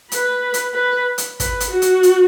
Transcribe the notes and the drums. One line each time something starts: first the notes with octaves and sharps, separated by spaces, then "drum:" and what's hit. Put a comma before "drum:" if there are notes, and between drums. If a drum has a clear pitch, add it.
B4, drum: hi-hat
drum: hi-hat
B4
drum: hi-hat
B4, drum: kick, hi-hat
drum: hi-hat
F#4
drum: hi-hat
drum: hi-hat